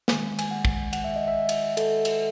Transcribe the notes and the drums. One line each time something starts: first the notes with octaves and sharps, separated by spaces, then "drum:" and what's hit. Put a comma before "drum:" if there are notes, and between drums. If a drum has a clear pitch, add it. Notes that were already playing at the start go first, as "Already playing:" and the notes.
D#3 G#3 G#5, drum: snare
G#5, drum: cymbal
F#5
drum: kick
F#5, drum: cymbal
E5
D#5
E5
drum: cymbal
A4, drum: cymbal
drum: cymbal